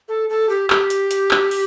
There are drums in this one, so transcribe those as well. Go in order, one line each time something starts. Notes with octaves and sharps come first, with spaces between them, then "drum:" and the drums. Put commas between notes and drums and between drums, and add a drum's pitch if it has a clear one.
A4
A4
G4
G4, drum: clap
drum: hi-hat
drum: hi-hat
drum: clap
drum: open hi-hat